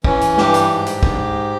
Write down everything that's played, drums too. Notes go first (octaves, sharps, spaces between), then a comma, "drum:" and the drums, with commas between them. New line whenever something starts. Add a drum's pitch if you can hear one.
E3 C#4, drum: kick
drum: hi-hat
G2 G4, drum: snare
drum: hi-hat
G#2
drum: hi-hat
G#2, drum: kick